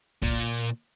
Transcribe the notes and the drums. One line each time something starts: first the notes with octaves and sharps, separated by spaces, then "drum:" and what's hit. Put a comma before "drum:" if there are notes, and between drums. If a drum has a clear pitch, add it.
A#2, drum: kick B1